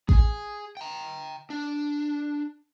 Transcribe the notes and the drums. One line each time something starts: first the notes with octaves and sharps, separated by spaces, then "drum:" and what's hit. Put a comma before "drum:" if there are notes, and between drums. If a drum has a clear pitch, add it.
G#4 G#5, drum: kick A1
G5 A#5
D4